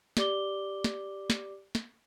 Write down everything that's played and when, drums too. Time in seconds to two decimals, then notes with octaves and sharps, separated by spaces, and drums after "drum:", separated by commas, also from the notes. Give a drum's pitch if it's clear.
0.17 G4 D5 D6 G7, drum: snare
0.84 drum: snare
1.30 drum: snare
1.75 drum: snare